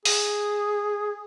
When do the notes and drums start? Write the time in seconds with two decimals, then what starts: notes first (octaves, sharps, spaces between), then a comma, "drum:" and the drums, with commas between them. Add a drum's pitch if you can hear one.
0.05 G#4, drum: open hi-hat